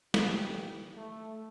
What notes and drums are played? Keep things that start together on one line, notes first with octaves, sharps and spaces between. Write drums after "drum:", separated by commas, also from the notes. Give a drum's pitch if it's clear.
A#1 D#3 E3 G4, drum: snare
A3